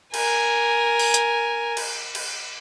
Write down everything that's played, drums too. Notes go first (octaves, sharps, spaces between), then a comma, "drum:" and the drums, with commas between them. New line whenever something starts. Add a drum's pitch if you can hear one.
A#4 G#5, drum: cymbal
drum: open hi-hat
drum: hi-hat
drum: cymbal
drum: cymbal